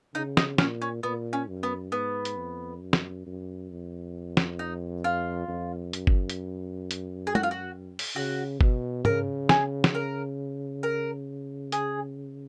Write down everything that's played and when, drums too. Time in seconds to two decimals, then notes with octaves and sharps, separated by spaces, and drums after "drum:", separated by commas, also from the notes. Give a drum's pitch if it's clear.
0.14 C#3 D#4
0.37 D#4, drum: snare
0.58 A#2 C#4, drum: snare
0.82 C#4
1.03 A#2 B3
1.33 C#4
1.48 F#2
1.63 B3
1.92 G#2 B3
2.25 drum: hi-hat
2.37 F2
2.82 F#2
2.93 drum: snare
3.26 F#2
3.71 F2
4.37 drum: snare
4.59 D#4
5.04 F4
5.48 F2
5.93 F#2, drum: hi-hat
6.07 drum: kick G1
6.30 drum: hi-hat
6.91 drum: hi-hat
7.27 G#4
7.35 F#4, drum: tom
7.43 F4
7.51 F#4
7.99 drum: open hi-hat
8.16 C#3 F#4
8.61 B2, drum: kick G1
9.05 C#3 A#4, drum: tom G#2
9.49 G#4, drum: snare
9.84 drum: snare
9.95 A#4
10.83 A#4
11.72 G#4, drum: hi-hat